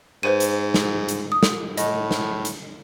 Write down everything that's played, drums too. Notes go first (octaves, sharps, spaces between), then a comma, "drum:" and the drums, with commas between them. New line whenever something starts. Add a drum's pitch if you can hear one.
G#2 B4 C5 D#7
drum: hi-hat
drum: snare
drum: hi-hat
D#6
drum: snare
A2 D#5, drum: hi-hat
drum: snare
drum: hi-hat